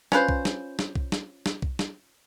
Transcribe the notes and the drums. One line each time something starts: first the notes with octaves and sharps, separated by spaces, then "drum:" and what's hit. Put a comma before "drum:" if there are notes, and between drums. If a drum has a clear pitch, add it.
C#4 F4 B4 C5, drum: snare
drum: kick B1
drum: snare
drum: snare
drum: kick B1
drum: snare
drum: snare
drum: kick B1
drum: snare